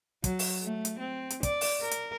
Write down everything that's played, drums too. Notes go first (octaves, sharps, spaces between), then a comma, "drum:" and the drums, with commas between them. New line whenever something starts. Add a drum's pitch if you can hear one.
F#3, drum: kick, hi-hat
drum: open hi-hat
A3
drum: hi-hat
C4
drum: hi-hat
D5, drum: kick, hi-hat
drum: open hi-hat
A#4
drum: hi-hat